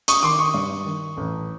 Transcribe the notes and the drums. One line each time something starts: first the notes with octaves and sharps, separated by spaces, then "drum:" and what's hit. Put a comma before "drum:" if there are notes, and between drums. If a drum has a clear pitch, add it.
C#6 D#6, drum: hi-hat
D#3 C6 D6
C#6 D#6
G2
D#3
A1